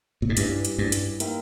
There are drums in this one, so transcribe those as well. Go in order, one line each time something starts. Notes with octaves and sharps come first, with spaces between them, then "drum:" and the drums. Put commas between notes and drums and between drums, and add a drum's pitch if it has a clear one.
A#2
G#2
G2 C#4 E4 G4 B4 E5, drum: hi-hat
drum: hi-hat
G2
drum: hi-hat
A#3 D#4 A#4 E5 G5, drum: hi-hat